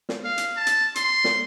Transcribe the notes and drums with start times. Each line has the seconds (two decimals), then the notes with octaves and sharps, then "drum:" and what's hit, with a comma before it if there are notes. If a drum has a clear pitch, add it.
0.09 drum: snare
0.24 F5
0.38 drum: hi-hat
0.57 A5
0.67 drum: hi-hat
0.95 C6, drum: hi-hat
1.24 drum: snare